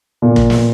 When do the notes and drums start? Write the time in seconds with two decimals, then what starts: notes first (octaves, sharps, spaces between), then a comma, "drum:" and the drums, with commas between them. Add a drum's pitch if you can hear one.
0.22 A#2
0.36 drum: kick
0.50 drum: snare